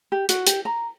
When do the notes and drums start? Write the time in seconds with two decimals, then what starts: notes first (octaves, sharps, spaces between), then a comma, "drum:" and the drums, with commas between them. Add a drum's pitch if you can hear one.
0.12 G4
0.29 F#4, drum: hi-hat
0.47 G4, drum: hi-hat
0.65 A#5